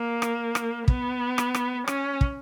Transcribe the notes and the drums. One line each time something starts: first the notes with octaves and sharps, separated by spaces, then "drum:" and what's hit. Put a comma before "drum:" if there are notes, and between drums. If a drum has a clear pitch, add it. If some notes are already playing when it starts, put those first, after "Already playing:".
Already playing: A#3
drum: rim click
drum: rim click
B3, drum: kick
drum: rim click
drum: rim click
C#4, drum: rim click
drum: kick